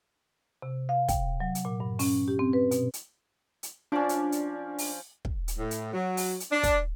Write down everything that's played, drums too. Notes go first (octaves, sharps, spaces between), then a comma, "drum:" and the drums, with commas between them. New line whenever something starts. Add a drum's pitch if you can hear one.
C3
F5
G5, drum: kick, hi-hat
F#3
drum: hi-hat
A#2
G2
C#4, drum: open hi-hat
G4
C4
B4
B2, drum: hi-hat
drum: hi-hat
drum: hi-hat
F3 C#4 D4 D5
drum: hi-hat
drum: hi-hat
drum: open hi-hat
drum: kick
drum: hi-hat
A2
drum: hi-hat
F#3
drum: open hi-hat
drum: hi-hat
D4
drum: kick, hi-hat